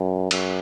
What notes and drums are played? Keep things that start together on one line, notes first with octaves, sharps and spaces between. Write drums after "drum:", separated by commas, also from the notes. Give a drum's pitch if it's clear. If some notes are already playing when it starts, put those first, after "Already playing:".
Already playing: F#2
F#2, drum: cymbal